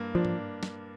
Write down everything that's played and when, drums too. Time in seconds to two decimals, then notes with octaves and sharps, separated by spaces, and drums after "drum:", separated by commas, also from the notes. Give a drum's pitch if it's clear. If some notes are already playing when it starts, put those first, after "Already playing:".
Already playing: G2 A#3
0.15 F3 D4
0.25 drum: tom G#2
0.63 drum: snare